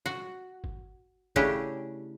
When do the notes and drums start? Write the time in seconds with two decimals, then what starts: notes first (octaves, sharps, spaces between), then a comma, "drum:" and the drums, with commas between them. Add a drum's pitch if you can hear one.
0.06 F#4, drum: snare
0.64 drum: kick G1
1.36 C#3 A3 C#4 D4 E4 G4, drum: kick G1